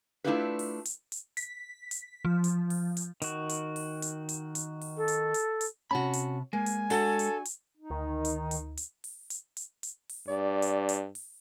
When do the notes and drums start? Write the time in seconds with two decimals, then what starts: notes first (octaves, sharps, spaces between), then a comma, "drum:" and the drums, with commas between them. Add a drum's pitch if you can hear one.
0.24 A3 D4 E4 F4 G4 B4
0.59 drum: open hi-hat
0.85 drum: hi-hat
1.12 drum: hi-hat
1.37 B6, drum: hi-hat
1.91 drum: hi-hat
2.25 F3
2.44 drum: hi-hat
2.70 drum: open hi-hat
2.97 drum: hi-hat
3.22 D#3 F#4, drum: hi-hat
3.49 drum: hi-hat
3.76 drum: open hi-hat
4.02 drum: hi-hat
4.29 drum: hi-hat
4.55 drum: hi-hat
4.81 drum: open hi-hat
4.97 A4
5.08 drum: hi-hat
5.34 drum: hi-hat
5.61 drum: hi-hat
5.91 C3 C#4 F#4 A5 B5
6.13 drum: hi-hat
6.53 G#3 A#3 G#5
6.66 drum: hi-hat
6.90 D4 F#4 A4, drum: open hi-hat
7.19 drum: hi-hat
7.45 drum: hi-hat
7.77 D#4
7.90 D2 D#3
8.25 drum: hi-hat
8.51 drum: hi-hat
8.77 drum: hi-hat
9.04 drum: open hi-hat
9.30 drum: hi-hat
9.57 drum: hi-hat
9.83 drum: hi-hat
10.09 drum: open hi-hat
10.28 G2 D5
10.62 drum: hi-hat
10.89 drum: hi-hat
11.15 drum: open hi-hat